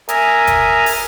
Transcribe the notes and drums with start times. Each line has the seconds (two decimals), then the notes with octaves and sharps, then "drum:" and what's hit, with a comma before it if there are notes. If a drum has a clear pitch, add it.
0.09 A#4 E5 G#5 A#5 D#6, drum: hi-hat
0.47 drum: kick G1, hi-hat
0.86 drum: open hi-hat